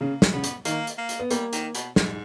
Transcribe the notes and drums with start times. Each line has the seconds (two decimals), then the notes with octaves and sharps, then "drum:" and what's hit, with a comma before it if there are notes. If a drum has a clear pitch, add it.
0.01 C#3 A#3
0.22 drum: snare
0.33 C#3 B3
0.44 drum: hi-hat
0.65 D#3 A#3, drum: hi-hat
0.87 drum: hi-hat
0.98 A#3
1.09 drum: hi-hat
1.19 B3
1.30 G3 A#3, drum: hi-hat
1.53 D#3, drum: hi-hat
1.75 B2, drum: hi-hat
1.96 G#2, drum: snare